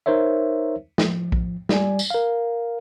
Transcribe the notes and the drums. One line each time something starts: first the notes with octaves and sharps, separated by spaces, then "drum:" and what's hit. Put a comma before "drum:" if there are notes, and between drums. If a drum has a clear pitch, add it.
D#4 A#4 C5 C#5 E5
F3, drum: snare
drum: kick A#1
G3 D5 G#5, drum: snare
drum: tambourine
A#4 F5